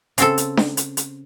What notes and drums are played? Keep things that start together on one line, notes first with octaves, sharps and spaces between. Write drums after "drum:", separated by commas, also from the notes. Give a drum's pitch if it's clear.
C#3 C4 A4, drum: hi-hat
drum: hi-hat
drum: snare D4
drum: hi-hat
drum: hi-hat